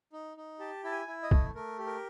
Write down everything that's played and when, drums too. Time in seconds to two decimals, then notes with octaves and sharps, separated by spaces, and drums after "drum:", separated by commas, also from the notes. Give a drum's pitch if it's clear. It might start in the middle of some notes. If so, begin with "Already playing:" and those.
0.13 D#4
0.37 D#4
0.60 G4 A5
0.84 E4 A5
0.92 G#5
1.07 E4
1.23 D#5
1.31 A3, drum: kick
1.55 A3 A#4
1.79 G4
1.86 A#4